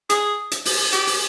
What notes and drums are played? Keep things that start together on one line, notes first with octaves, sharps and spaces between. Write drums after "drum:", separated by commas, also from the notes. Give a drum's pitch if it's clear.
G#4, drum: hi-hat
drum: hi-hat
drum: open hi-hat
G4, drum: hi-hat
drum: open hi-hat